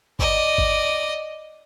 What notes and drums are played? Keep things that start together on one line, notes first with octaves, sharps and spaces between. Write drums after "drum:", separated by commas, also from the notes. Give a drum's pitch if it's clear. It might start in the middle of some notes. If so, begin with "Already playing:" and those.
D5 D#5, drum: kick G#1
drum: kick G#1